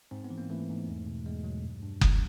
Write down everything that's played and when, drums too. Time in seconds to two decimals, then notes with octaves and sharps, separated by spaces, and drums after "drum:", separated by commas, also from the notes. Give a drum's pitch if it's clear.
0.11 G#2 C4
0.24 B3
0.30 E3
0.38 A#3
0.50 E3 A3
0.69 G#2
0.88 E2
1.07 B2
1.26 E2 G#3
1.44 B2 F#3
1.64 G2
1.82 G2
2.01 E3 G3, drum: kick F#1